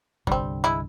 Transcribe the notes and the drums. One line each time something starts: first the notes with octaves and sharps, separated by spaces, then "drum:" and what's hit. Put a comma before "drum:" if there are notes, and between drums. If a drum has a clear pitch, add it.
C2 G2 D3 G3 C4, drum: kick G#1
G#3 E4